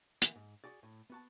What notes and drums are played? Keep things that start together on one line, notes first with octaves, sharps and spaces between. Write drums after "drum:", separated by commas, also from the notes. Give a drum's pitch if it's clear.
E3 A#3 F#5, drum: hi-hat
G#2
F#4 G#4 D5
A2
B3 F#4 A5